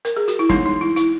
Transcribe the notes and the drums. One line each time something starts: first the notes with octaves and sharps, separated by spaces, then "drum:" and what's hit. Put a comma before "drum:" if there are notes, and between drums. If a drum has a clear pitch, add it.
A#4, drum: hi-hat
G#4
F#4, drum: hi-hat
E4
E3 G#3 B3 D#4, drum: snare
D#4
E4
E4, drum: hi-hat